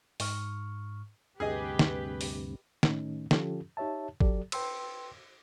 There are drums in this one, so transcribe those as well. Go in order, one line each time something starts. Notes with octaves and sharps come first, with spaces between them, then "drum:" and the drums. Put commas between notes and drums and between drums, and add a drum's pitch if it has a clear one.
G#2 C#6 F6, drum: open hi-hat
D2 G2 C3 G4 G#4 B4 D#5
drum: snare
drum: open hi-hat
A2 D#3 A3 C#4 D#4, drum: snare
D3 F3 C#4 F4 G4 A4, drum: snare
D#4 G4 C#5 E5 A5
F#3 G4 A4 D5, drum: kick
B4 G5 C6 E6, drum: cymbal